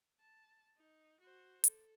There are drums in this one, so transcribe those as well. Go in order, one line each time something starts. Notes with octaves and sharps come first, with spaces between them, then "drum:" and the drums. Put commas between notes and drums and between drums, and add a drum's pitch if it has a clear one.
A5
D#4
F#4 C5
A4, drum: hi-hat